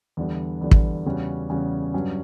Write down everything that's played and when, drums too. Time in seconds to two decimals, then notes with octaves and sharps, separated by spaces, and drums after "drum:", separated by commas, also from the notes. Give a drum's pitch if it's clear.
0.17 E2 D3 G3
0.61 E2 D3 G3
0.71 drum: kick
1.06 E2 C#3 G3 C#4 F#4
1.50 E2 C#3 G3 C#4 F#4
1.94 G2 F#3 C#4